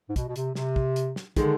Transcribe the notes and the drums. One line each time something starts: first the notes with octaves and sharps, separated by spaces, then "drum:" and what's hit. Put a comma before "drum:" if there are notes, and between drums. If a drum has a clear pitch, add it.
G#2
B2, drum: kick, hi-hat
B2
C3, drum: hi-hat
C3, drum: snare
drum: kick
drum: hi-hat
drum: snare
D3 D#3 G#3, drum: kick, hi-hat